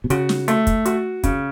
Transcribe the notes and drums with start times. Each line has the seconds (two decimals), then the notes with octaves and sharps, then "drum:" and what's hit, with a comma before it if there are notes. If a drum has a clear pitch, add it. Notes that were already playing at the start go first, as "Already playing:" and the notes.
0.04 B2
0.10 C#3 F#4, drum: hi-hat
0.29 drum: snare
0.48 A3, drum: hi-hat
0.67 drum: kick, hi-hat
0.86 F#4, drum: hi-hat
1.23 C#3, drum: kick, hi-hat